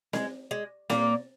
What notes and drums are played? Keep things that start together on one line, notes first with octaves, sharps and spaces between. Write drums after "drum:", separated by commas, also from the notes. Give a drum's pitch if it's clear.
G#3, drum: snare C4
G#3
A#2 A#3, drum: snare C4